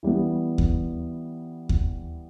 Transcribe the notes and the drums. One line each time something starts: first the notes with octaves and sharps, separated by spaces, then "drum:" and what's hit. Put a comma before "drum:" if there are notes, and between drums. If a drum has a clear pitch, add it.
E3 G3 B3
drum: kick D#2
drum: kick D#2